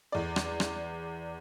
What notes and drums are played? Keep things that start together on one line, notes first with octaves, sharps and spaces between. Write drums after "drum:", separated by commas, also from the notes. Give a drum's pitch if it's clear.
E2 D5
drum: rim click
drum: rim click